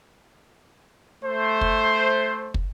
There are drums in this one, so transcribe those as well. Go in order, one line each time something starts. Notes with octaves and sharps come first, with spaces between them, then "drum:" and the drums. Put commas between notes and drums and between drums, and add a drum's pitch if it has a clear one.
A3 C5
drum: kick
drum: kick